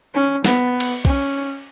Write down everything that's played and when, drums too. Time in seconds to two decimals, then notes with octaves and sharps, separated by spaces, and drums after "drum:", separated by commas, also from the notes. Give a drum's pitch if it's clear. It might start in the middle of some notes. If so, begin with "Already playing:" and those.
0.14 C#4
0.45 B3, drum: snare
0.80 drum: cymbal
1.05 C#4, drum: kick